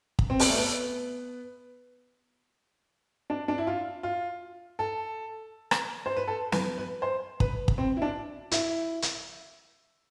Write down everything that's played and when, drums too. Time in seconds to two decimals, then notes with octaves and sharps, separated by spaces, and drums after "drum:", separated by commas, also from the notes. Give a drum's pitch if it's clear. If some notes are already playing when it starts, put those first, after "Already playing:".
0.19 drum: kick
0.30 C4
0.40 B3, drum: open hi-hat
0.49 A3
0.58 B3
3.30 D4
3.48 D4
3.58 E4
3.67 F4
4.03 F4
4.79 A4
5.71 drum: rim click
6.06 C5
6.17 B4
6.27 A4
6.52 B4, drum: snare
6.78 B4
7.02 C5
7.40 B4, drum: kick
7.68 drum: kick
7.78 C4
7.97 E4
8.02 D4
8.51 E4, drum: hi-hat
9.02 drum: hi-hat